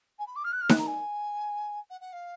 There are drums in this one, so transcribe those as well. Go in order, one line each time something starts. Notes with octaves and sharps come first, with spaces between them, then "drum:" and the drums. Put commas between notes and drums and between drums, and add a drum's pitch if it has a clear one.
G#5
B5
D6
F6
F#6
F6
F#6, drum: snare D#4
A#5
G#5
F#5
F#5
F5